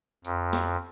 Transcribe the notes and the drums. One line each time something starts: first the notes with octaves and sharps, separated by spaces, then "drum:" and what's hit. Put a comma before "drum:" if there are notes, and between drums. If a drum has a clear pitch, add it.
F2, drum: tambourine
drum: snare